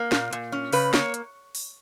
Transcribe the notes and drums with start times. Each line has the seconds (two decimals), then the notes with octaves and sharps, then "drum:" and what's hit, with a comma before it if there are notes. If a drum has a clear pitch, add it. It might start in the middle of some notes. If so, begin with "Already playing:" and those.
Already playing: A#3
0.12 A#2, drum: snare
0.33 A#2, drum: hi-hat
0.52 C#4
0.73 C#3 B4, drum: open hi-hat
0.94 A#3 C#5, drum: snare
1.14 drum: hi-hat
1.55 drum: open hi-hat